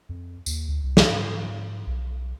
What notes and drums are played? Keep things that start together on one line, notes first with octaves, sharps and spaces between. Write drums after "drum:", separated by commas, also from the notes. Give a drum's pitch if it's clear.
F2
D#2, drum: tambourine
D2
C2
drum: snare
G#2
B1